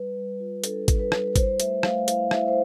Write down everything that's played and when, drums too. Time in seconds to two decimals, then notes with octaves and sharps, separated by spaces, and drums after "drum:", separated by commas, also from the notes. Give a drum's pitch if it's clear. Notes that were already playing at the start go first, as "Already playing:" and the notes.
Already playing: G3 B4
0.16 G3
0.40 F4
0.64 D4 A4, drum: hi-hat
0.88 G3, drum: kick G#1, hi-hat
1.00 B4
1.12 G3, drum: rim click
1.36 E4 C5, drum: kick G#1, hi-hat
1.60 A3 E5, drum: hi-hat
1.83 A3 F5, drum: rim click
2.08 E4 F5, drum: hi-hat
2.31 E4 E5, drum: rim click
2.48 C5